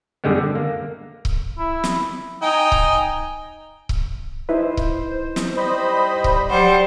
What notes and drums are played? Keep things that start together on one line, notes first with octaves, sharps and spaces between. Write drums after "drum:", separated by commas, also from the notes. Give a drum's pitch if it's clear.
F#2 D3 G3 G#3 B3
D3
A#3
drum: kick C#1
E4
drum: snare
D#4 G5 G#5
drum: kick C#1
drum: kick C#1
D#4 E4 B4 C5
drum: kick C#1
drum: snare
G3 C5 D#5 B5
drum: kick C#1
F#3 G3 C5 F#5